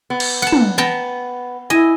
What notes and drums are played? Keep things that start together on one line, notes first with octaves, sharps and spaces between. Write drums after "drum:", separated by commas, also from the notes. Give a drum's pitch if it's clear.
B3
drum: cymbal
F#5 A5
drum: tom
B3 G5 A5 A#5
E4 D#5 G#5